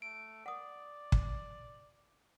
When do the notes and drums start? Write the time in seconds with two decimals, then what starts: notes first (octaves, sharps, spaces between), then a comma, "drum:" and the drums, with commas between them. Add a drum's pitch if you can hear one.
0.02 A3 D7
0.46 D5 F#5 D#6
1.12 drum: kick